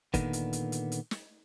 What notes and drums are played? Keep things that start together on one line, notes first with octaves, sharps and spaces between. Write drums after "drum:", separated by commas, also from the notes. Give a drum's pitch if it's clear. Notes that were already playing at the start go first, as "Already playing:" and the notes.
A#2 D3 D#3 B3, drum: kick, hi-hat
drum: hi-hat
drum: hi-hat
drum: hi-hat
drum: hi-hat
drum: snare